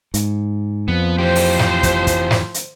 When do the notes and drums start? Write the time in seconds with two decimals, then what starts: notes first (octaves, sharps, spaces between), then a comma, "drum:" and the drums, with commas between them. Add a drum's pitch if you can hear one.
0.14 G#2, drum: hi-hat
0.88 F2 F3 B3
1.18 E3 G4 C5
1.35 drum: open hi-hat
1.59 drum: snare
1.83 drum: kick, hi-hat
2.07 drum: kick, hi-hat
2.31 drum: snare
2.54 drum: hi-hat